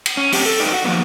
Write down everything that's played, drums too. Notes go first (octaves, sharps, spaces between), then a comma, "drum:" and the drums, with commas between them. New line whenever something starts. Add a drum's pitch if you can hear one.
drum: cymbal
C#4
F#2 C4 G4 C#5 G5 A5, drum: open hi-hat
A4
F#2 D#4 B4 D5 G5
F#4
D#3 F3 F#3 A#3 B3